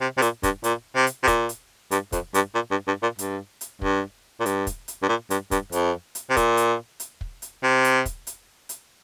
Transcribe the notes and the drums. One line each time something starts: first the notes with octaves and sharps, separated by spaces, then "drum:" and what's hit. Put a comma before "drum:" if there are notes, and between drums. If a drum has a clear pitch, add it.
C3
C3
A#2, drum: hi-hat
G2, drum: kick, hi-hat
A#2, drum: hi-hat
C3
drum: hi-hat
C3
A#2, drum: kick, hi-hat
drum: hi-hat
G2, drum: hi-hat
F2, drum: kick, hi-hat
G2, drum: hi-hat
A#2
G2
G2
A#2
G2, drum: hi-hat
drum: hi-hat
G2, drum: kick
A#2
G2, drum: hi-hat
drum: kick, hi-hat
drum: hi-hat
G2
A#2
G2, drum: hi-hat
G2, drum: kick, hi-hat
F2, drum: hi-hat
drum: hi-hat
C3
A#2, drum: kick, hi-hat
drum: hi-hat
drum: hi-hat
drum: kick
drum: hi-hat
C3
drum: hi-hat
drum: kick, hi-hat
drum: hi-hat
drum: hi-hat